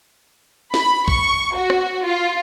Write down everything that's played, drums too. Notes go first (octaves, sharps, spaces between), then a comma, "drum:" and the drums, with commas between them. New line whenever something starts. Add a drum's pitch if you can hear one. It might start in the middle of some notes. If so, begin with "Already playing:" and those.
B5, drum: snare
C#6, drum: kick
F#4
drum: rim click
F4